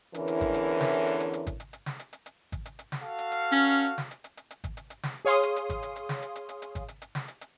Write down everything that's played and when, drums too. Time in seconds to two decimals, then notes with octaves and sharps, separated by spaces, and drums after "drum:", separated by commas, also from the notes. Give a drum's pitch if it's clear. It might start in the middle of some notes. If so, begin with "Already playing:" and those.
0.14 E2 D3 E3 C#4 E4 A#4, drum: hi-hat
0.28 drum: hi-hat
0.41 drum: kick G#1, hi-hat
0.54 drum: hi-hat
0.81 drum: snare
0.94 drum: hi-hat
1.07 drum: hi-hat
1.20 drum: hi-hat
1.33 drum: hi-hat
1.47 drum: kick G#1, hi-hat
1.60 drum: hi-hat
1.73 drum: hi-hat
1.86 drum: snare
1.99 drum: hi-hat
2.13 drum: hi-hat
2.26 drum: hi-hat
2.52 drum: kick G#1, hi-hat
2.66 drum: hi-hat
2.79 drum: hi-hat
2.92 drum: snare
3.03 F#4 A4 F5
3.18 drum: hi-hat
3.32 drum: hi-hat
3.52 C#4
3.71 drum: hi-hat
3.84 drum: hi-hat
3.98 drum: snare
4.11 drum: hi-hat
4.24 drum: hi-hat
4.37 drum: hi-hat
4.51 drum: hi-hat
4.64 drum: kick G#1, hi-hat
4.77 drum: hi-hat
4.90 drum: hi-hat
5.03 drum: snare
5.25 G#4 C#5 F5 C6 D#6
5.43 drum: hi-hat
5.56 drum: hi-hat
5.69 drum: kick G#1, hi-hat
5.83 drum: hi-hat
5.96 drum: hi-hat
6.09 drum: snare
6.22 drum: hi-hat
6.36 drum: hi-hat
6.49 drum: hi-hat
6.62 drum: hi-hat
6.75 drum: kick G#1, hi-hat
6.88 drum: hi-hat
7.02 drum: hi-hat
7.15 drum: snare
7.28 drum: hi-hat
7.41 drum: hi-hat